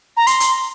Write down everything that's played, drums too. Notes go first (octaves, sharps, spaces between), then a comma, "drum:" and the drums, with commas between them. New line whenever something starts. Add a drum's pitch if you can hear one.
A#5
C6, drum: hi-hat
drum: hi-hat